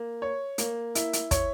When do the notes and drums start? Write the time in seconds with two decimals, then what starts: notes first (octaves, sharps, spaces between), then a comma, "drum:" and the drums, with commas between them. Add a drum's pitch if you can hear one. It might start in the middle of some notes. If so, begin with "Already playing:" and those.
Already playing: A#3
0.22 C#5
0.58 A#3, drum: hi-hat
0.95 E4, drum: hi-hat
1.13 drum: hi-hat
1.31 C#5, drum: kick, hi-hat